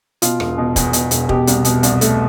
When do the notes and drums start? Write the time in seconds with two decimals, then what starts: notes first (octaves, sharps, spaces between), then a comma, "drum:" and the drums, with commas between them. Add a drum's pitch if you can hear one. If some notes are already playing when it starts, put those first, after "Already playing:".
0.22 B2 F4, drum: hi-hat
0.40 E1, drum: rim click
0.58 B2
0.76 E2, drum: kick, hi-hat
0.93 B2, drum: hi-hat
1.11 E1, drum: hi-hat
1.29 B2 G4, drum: kick
1.47 C2, drum: hi-hat
1.65 B2, drum: hi-hat
1.83 C2, drum: hi-hat
2.01 A3, drum: hi-hat